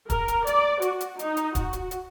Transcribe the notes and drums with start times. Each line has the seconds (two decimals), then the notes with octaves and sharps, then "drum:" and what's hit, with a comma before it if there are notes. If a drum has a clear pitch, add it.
0.10 A#4, drum: kick, hi-hat
0.28 drum: hi-hat
0.47 D5, drum: hi-hat
0.82 F#4, drum: hi-hat
1.00 drum: hi-hat
1.19 D#4, drum: hi-hat
1.37 drum: hi-hat
1.55 F#4, drum: kick, hi-hat
1.73 drum: hi-hat
1.91 drum: hi-hat